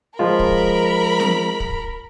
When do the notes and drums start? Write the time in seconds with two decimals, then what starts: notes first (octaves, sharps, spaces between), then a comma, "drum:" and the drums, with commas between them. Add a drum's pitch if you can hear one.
0.19 F3 G#3 F4 A#4 B5
0.39 drum: kick
1.20 drum: snare
1.60 drum: kick